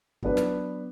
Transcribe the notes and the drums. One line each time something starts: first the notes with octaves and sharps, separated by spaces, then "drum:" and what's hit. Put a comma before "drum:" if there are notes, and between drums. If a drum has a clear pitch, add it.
F#3 B3 D4 B4, drum: kick
drum: snare